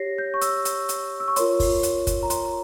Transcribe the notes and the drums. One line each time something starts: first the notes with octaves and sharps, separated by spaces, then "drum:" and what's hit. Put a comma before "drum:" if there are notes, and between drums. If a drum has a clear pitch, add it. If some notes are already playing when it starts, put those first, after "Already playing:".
Already playing: G4 C#5 A#6 C7
G6
C#6
E6, drum: hi-hat
drum: hi-hat
drum: hi-hat
E6
C#6
F4 A#4 C#5 C6, drum: hi-hat
drum: kick, open hi-hat
drum: hi-hat
drum: kick, hi-hat
A#5
C6, drum: hi-hat